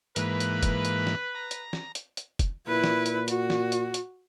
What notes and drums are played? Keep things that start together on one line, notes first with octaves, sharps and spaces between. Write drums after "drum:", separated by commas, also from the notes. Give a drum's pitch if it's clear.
G#2 E3 A#3 B4, drum: hi-hat
drum: hi-hat
drum: kick F1, hi-hat
drum: hi-hat
drum: snare
A#5
drum: hi-hat
drum: snare
drum: hi-hat
drum: hi-hat
drum: kick F1, hi-hat
A#2 E4 B4
drum: snare
drum: hi-hat
F#4, drum: hi-hat
drum: snare
drum: hi-hat
drum: hi-hat